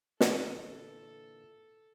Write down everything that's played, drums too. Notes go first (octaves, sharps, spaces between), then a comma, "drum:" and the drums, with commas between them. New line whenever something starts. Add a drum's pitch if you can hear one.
A#2 D3 E3 A4, drum: snare